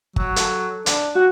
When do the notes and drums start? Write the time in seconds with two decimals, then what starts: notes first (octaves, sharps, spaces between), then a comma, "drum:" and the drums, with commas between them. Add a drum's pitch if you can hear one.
0.16 F#3, drum: kick G1
0.36 A4 A5, drum: hi-hat
0.86 D4, drum: hi-hat
1.15 F#4 F#5